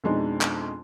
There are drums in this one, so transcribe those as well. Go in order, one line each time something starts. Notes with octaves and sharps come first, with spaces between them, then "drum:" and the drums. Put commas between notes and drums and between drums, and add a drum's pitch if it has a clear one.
F2 B2 G#3 D4 D#4
drum: clap